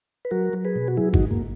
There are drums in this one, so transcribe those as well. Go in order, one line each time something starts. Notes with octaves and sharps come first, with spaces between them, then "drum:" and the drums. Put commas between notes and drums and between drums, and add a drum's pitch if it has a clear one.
B4
F#3 F#4 A#4
F#3
G#4 B4
B2
F#4
F#3 E4 G#4
D#4 F#4, drum: kick G#1
G#2
A#3